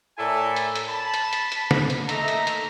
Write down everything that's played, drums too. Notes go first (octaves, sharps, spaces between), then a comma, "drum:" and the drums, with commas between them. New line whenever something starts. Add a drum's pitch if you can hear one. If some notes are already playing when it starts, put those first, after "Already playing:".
A2 E4 A4 A#4 D5 G#5
drum: hi-hat
drum: hi-hat
A5 B5
drum: hi-hat
drum: hi-hat
drum: hi-hat
drum: snare
drum: hi-hat
A3 A#3 D#4 A4 E5 A#5, drum: hi-hat
drum: hi-hat
drum: hi-hat